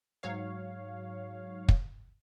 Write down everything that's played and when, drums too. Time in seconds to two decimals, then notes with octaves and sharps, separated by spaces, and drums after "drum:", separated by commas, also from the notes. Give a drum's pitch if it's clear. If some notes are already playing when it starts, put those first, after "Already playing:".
0.23 G#2 F#3 C#5 F5
1.69 drum: kick